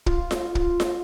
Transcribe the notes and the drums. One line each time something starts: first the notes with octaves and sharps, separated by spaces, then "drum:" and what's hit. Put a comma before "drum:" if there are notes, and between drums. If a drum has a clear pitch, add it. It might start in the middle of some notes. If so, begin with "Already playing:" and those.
F4, drum: kick
drum: snare F4
drum: kick
drum: snare F4